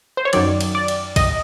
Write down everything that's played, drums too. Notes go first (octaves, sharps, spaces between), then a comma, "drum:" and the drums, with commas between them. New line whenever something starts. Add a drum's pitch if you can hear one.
C5
C#5
F#2 D#3 F#3 D5, drum: cymbal
drum: cymbal
D5
drum: cymbal
D#5, drum: kick, cymbal